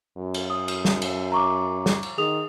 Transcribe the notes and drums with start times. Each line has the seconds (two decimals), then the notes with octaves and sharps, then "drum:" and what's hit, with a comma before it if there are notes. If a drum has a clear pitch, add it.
0.17 F#2
0.34 drum: cymbal
0.50 D#6
0.68 drum: cymbal
0.85 drum: snare
1.02 drum: cymbal
1.32 A#5 C#6 D6
1.86 drum: snare
2.03 drum: cymbal
2.18 D#3 G#4 D#6 F7